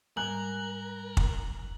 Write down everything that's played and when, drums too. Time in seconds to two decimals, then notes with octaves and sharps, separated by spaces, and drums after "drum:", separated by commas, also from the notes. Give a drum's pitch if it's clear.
0.17 G#2 G3 A#4 G#5 A#5 F#6 F#7
1.17 drum: kick